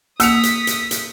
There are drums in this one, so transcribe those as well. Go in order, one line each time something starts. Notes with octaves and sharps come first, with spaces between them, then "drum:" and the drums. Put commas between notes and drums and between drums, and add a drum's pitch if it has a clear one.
A#3 D#6 E6 B6 C#7 F7, drum: hi-hat
drum: hi-hat
drum: hi-hat
drum: hi-hat